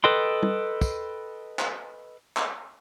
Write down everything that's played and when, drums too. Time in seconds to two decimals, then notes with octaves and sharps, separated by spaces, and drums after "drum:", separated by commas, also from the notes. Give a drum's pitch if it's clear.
0.04 A4 B4 D#5 G5 C6
0.43 drum: tom
0.81 drum: kick, tambourine
1.59 drum: clap
2.37 drum: clap